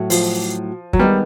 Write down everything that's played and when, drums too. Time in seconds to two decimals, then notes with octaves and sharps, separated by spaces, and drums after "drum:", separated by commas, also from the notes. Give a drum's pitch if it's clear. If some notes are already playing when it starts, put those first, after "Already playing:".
Already playing: A2 F#3 A3 F#4
0.10 F3, drum: open hi-hat
0.93 F#3, drum: kick
0.99 D#3 G3 G#3 B3